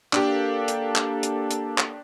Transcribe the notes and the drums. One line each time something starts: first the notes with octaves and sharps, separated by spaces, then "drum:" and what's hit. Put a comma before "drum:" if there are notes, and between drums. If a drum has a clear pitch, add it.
A#3 D4 G4 A4, drum: clap
drum: hi-hat
drum: clap
drum: hi-hat
drum: hi-hat
drum: clap